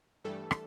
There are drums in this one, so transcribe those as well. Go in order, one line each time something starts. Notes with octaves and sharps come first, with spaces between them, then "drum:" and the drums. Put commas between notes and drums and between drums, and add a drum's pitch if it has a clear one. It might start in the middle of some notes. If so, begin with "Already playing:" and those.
G2 E3 G3 A3 A4
drum: rim click